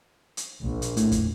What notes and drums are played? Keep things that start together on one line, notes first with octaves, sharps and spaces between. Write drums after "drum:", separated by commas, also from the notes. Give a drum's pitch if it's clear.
drum: hi-hat
A#1
drum: hi-hat
A2, drum: hi-hat
drum: kick E2, hi-hat